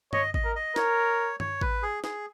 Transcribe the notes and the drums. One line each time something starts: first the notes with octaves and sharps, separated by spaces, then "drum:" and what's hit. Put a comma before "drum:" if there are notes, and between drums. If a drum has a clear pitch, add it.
C#5 D#5, drum: tom G2
D#5, drum: kick A1
A#4
D#5
A#4 C#5, drum: snare
C#5, drum: tom G2
B4, drum: kick A1
G#4
G#4, drum: snare